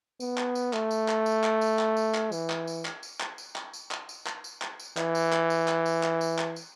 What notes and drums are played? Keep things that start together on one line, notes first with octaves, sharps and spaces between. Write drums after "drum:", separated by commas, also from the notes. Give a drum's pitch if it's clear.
B3, drum: tambourine
drum: clap
drum: tambourine
A3, drum: clap
drum: tambourine
drum: clap
drum: tambourine
drum: clap
drum: tambourine
drum: clap
drum: tambourine
drum: clap
E3, drum: tambourine
drum: clap
drum: tambourine
drum: clap
drum: tambourine
drum: clap
drum: tambourine
drum: clap
drum: tambourine
drum: clap
drum: tambourine
drum: clap
drum: tambourine
drum: clap
drum: tambourine
E3, drum: clap
drum: tambourine
drum: clap
drum: tambourine
drum: clap
drum: tambourine
drum: clap
drum: tambourine
drum: clap
drum: tambourine